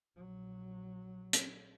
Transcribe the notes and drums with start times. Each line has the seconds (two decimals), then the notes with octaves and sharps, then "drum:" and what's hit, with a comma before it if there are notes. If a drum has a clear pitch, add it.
0.16 A#1 F#3
1.33 drum: hi-hat